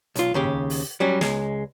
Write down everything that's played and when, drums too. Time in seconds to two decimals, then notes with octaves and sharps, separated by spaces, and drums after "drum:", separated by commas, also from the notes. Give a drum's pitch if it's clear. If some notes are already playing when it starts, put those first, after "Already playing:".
0.16 B1 F4, drum: hi-hat
0.34 D#2 C#3 G4
0.44 drum: kick
0.70 drum: open hi-hat
1.00 F#3 G3 C#4
1.21 C#2 G#3, drum: snare